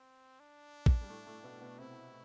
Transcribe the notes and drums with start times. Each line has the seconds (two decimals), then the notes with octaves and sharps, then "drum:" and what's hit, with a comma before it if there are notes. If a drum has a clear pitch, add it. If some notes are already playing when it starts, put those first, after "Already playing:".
Already playing: C4
0.40 D4
0.86 drum: kick
1.01 G3
1.09 A2 A3
1.27 A2 A3
1.43 B2 B3
1.61 B2 B3
1.79 C3 C4 E4